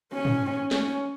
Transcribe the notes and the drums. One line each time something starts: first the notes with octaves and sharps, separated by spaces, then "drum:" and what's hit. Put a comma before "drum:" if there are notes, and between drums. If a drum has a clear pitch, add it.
C#4
drum: tom
C#4, drum: snare